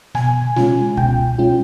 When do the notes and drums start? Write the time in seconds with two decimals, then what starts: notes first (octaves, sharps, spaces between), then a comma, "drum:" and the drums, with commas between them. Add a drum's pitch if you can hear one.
0.15 B2 G#5, drum: snare
0.56 G#3 C#4 F4, drum: snare
0.97 B2 G5, drum: kick
1.38 G#3 C#4 F4